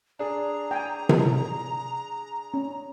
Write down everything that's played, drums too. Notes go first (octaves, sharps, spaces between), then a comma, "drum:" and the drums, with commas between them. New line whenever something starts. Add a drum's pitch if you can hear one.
D4 G#4 A#5
G5 G#5
drum: tom C3
C#4